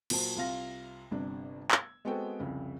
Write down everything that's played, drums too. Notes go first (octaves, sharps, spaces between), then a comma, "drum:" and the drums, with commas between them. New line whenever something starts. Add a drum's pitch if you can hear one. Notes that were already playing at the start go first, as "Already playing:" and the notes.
A#2 F#3 C5 A5, drum: cymbal
C2 C3 F4 F5 A#6
G1 C3 D4
E6 G#6, drum: clap
G#3 B3 C4 F#4 A4 G5
C2 F2 C#3